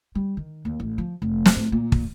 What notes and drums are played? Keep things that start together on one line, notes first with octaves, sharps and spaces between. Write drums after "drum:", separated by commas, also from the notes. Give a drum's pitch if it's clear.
G3
D#3
D#2
A1
F3
F1
drum: snare
A2
A#2
drum: kick